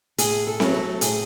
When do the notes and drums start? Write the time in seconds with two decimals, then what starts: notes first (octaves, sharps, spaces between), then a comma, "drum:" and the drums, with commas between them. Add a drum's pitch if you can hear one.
0.18 A2 G#4, drum: hi-hat
0.47 A4
0.60 F#3 A3, drum: snare C4
0.74 A4
1.01 A2 G#4, drum: hi-hat